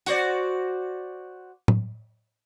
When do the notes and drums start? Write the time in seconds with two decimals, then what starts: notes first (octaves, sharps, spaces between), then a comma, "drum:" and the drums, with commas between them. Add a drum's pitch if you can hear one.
0.06 F#4 C5 D5, drum: hi-hat
1.68 drum: tom A2